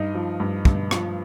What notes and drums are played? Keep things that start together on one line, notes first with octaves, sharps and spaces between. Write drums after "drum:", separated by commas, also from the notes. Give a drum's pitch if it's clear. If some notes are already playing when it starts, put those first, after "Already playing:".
Already playing: G2 D#4 D#5
F3
G2
G2, drum: kick
F3, drum: rim click